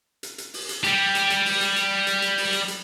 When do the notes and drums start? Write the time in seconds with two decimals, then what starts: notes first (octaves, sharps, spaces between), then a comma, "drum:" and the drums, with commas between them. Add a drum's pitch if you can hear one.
0.23 drum: hi-hat
0.38 drum: hi-hat
0.54 drum: open hi-hat
0.69 drum: hi-hat
0.84 G3 G4, drum: hi-hat
1.15 drum: hi-hat
1.30 drum: hi-hat
1.45 drum: open hi-hat
1.61 drum: hi-hat
1.76 drum: hi-hat
2.07 drum: hi-hat
2.22 drum: hi-hat
2.37 drum: open hi-hat
2.53 drum: hi-hat
2.68 drum: hi-hat